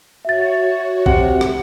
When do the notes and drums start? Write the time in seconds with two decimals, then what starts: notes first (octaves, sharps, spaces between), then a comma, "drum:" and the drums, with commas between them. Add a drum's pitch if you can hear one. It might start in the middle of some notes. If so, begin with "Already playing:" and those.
0.25 F#4 C#5 E5 A6
1.06 C3 F#5, drum: kick
1.41 drum: rim click